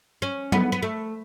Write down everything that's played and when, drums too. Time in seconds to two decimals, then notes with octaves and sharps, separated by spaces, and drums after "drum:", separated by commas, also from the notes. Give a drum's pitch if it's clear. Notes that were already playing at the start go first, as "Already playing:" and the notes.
0.22 C#4
0.52 B3, drum: tom F#3
0.72 B3
0.83 A3